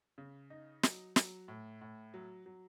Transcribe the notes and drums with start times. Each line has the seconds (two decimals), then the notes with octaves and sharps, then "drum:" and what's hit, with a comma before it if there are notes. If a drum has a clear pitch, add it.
0.18 C#3
0.50 D#4
0.83 F#3, drum: snare
1.16 F#3, drum: snare
1.48 A2
1.81 A2
2.14 F#3
2.46 F#3